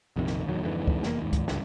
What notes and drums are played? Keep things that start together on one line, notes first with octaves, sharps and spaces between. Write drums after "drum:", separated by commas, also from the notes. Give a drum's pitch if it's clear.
A#1 F2 C3 D#3
drum: snare
D1 E2 D#3 F#3
F2 G#2 D3 E3
drum: kick
F1 E2 A#3, drum: snare
D#2 G#2
drum: kick, hi-hat
C#2 G2, drum: snare